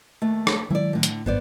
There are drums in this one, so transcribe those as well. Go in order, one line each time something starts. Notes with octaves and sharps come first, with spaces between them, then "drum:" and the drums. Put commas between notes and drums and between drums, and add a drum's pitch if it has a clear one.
D#2 A3
drum: rim click
D#3 F#3 G#3 E4 D5
A2 D3
drum: hi-hat
G#1 G2 B3 C5 D5